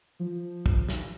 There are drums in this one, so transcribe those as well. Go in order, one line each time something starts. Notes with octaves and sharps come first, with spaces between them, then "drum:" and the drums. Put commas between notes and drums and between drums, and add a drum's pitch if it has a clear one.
F3
drum: kick
drum: snare